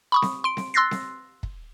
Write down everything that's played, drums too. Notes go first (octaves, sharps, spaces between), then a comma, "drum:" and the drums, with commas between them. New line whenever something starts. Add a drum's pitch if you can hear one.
B5 C#6 D#6
drum: snare C4
C6 D7
drum: snare C4
C6 E6 F#6 A6 A#6 C7
drum: snare C4
drum: kick